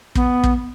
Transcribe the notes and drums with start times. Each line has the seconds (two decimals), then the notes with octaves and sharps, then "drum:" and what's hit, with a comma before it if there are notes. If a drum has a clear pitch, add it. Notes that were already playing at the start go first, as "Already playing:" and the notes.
0.15 B3, drum: kick
0.44 drum: kick